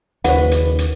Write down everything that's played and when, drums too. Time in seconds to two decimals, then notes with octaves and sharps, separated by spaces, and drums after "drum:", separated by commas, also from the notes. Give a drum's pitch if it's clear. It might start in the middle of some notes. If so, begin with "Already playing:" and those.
0.24 F#1 D#2 B4 C5 F#5, drum: hi-hat
0.51 drum: hi-hat
0.79 drum: hi-hat